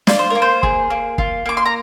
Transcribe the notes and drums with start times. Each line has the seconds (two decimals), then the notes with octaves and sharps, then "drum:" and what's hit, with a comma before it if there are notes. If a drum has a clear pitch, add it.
0.07 F4 D5, drum: snare
0.19 C5
0.30 A#3 A#4
0.42 C5
0.63 G#4, drum: kick
0.90 A#3
1.18 F4, drum: kick
1.46 A#3 D6
1.57 C6
1.66 A#5